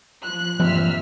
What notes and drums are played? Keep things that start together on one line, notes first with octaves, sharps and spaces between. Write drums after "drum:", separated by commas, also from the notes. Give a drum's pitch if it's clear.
F3 F#6
G2 A#2 C4 E5 F6 B6, drum: tom E3